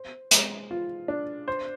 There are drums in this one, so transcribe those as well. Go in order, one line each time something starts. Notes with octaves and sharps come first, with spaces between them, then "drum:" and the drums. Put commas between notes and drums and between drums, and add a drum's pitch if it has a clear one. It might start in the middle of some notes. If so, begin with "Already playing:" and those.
Already playing: C5
G#3, drum: hi-hat
F4
D4
C5